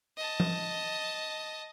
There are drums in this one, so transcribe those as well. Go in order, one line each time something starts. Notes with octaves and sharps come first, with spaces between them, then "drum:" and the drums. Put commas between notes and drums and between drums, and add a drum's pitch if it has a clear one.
D#5 A5
drum: tom F3